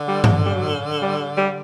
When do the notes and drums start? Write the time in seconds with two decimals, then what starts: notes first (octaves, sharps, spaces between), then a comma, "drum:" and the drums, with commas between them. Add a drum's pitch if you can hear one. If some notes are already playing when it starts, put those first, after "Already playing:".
Already playing: D3
0.08 G3
0.24 drum: tom G2
0.45 G3
0.55 F#3
1.01 G3
1.37 G3